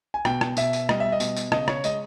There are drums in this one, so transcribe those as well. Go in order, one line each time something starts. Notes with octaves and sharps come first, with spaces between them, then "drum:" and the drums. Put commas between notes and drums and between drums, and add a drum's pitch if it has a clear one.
G#5
B2 G5, drum: rim click
drum: rim click
B2 E5, drum: tambourine
drum: tambourine
G3 D#5, drum: rim click
E5
D#5
B2, drum: tambourine
drum: tambourine
C#3 D#5, drum: rim click
C#5, drum: rim click
G#3 D#5, drum: tambourine